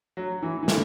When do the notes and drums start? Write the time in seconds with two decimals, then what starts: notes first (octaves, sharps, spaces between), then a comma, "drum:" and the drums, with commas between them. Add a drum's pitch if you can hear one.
0.17 F#3
0.43 E3
0.63 E3
0.68 D3, drum: snare